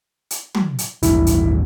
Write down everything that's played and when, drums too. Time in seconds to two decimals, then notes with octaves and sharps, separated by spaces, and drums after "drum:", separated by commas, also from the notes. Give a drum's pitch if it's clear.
0.31 drum: hi-hat
0.55 drum: tom
0.79 drum: hi-hat
1.03 D#1 A1 G2 E4, drum: hi-hat
1.27 drum: hi-hat